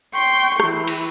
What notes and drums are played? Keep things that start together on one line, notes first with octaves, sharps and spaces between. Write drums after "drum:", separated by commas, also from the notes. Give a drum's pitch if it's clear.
G5 C6 C#6
E3, drum: rim click
drum: cymbal